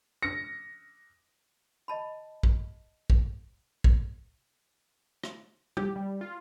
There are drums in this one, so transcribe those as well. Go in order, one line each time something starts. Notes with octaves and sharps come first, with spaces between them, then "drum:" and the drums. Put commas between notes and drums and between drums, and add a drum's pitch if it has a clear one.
A#6 C#7
D#5 A5 B5
drum: kick
drum: kick
drum: kick
drum: rim click
G4, drum: tom G3
G3
F4